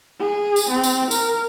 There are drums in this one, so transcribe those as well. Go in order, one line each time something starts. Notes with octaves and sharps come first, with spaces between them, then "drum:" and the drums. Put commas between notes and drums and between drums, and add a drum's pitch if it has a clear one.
G#4
drum: tambourine
C4
drum: tambourine
A#4, drum: tambourine